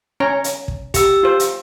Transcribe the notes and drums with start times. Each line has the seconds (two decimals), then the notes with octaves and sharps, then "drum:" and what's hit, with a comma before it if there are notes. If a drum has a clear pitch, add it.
0.20 C#4 C#5 A#5
0.44 drum: hi-hat
0.68 drum: kick
0.94 G4 E6, drum: kick, hi-hat
1.23 F4 C5
1.40 drum: hi-hat